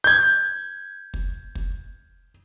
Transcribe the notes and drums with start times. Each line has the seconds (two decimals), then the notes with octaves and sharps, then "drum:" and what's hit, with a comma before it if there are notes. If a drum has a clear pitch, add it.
0.04 G6 G#6, drum: hi-hat
1.14 drum: kick
1.55 drum: kick